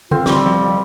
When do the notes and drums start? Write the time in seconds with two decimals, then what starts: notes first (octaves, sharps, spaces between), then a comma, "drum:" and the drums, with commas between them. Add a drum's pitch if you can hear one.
0.11 D3 C4 F4
0.26 G3 C6 C#6, drum: snare
0.46 F2